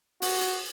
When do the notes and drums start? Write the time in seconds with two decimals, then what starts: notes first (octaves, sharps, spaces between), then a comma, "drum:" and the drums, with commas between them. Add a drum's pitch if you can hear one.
0.22 F#4, drum: open hi-hat
0.41 drum: hi-hat